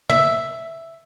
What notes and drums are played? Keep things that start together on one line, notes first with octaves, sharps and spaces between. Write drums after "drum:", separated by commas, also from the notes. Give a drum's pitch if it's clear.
E5, drum: tom